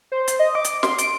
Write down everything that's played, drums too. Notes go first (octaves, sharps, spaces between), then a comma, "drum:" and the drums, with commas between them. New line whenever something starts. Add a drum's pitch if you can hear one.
C5
drum: hi-hat
D#5
D6
drum: hi-hat
C6, drum: snare
D7, drum: hi-hat